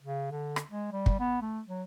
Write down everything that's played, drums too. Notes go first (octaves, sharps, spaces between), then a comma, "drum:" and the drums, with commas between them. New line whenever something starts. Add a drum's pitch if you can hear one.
C#3
D3
drum: rim click
G#3
G3
drum: kick
B3
A3
F#3